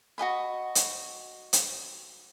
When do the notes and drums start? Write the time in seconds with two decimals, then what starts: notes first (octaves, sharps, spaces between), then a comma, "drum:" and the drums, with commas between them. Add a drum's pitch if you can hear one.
0.18 F#4 G#4 D#5 B5
0.75 drum: hi-hat
1.53 drum: hi-hat